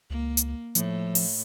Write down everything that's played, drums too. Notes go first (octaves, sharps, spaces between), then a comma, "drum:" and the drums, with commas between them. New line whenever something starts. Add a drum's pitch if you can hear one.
C#2 A#3
drum: hi-hat
A2 F3, drum: hi-hat
drum: open hi-hat